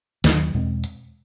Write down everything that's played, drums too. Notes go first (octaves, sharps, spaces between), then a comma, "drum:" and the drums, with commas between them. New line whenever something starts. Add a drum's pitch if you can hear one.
D#2 D#3 F#3, drum: snare
E2 B2 G#3 C4
drum: hi-hat